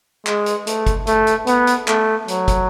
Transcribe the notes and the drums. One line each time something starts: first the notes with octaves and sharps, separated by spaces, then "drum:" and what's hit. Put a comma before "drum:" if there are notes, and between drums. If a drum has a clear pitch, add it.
G#3, drum: clap
drum: hi-hat
A3, drum: hi-hat
drum: kick, hi-hat
A3, drum: hi-hat
drum: hi-hat
B3, drum: hi-hat
drum: hi-hat
A3, drum: clap
F#3, drum: hi-hat
drum: kick, hi-hat